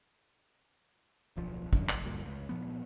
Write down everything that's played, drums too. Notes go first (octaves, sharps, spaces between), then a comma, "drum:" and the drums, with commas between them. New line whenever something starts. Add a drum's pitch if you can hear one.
D1 B1 F3
A1 F#2 D3, drum: kick
F1, drum: clap
D2 G2 A#2
C#2
A#2 F3 B3